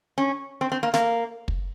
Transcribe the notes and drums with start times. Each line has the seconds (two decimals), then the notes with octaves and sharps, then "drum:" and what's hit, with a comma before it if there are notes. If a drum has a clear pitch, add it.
0.18 C#4
0.61 C4
0.72 C4
0.83 A#3
0.94 A#3, drum: snare
1.48 drum: kick